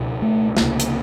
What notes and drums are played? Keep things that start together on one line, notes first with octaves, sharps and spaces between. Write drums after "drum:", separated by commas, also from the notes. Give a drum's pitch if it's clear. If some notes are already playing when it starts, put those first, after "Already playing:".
Already playing: C#2 B2
A3
C#2 C3 A#3, drum: snare
drum: hi-hat